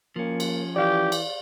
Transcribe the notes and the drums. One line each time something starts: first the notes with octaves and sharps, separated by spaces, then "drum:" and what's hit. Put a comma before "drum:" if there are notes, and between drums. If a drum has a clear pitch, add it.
F3 A#3 C#4
drum: cymbal
E3 G4 D5 F5
drum: cymbal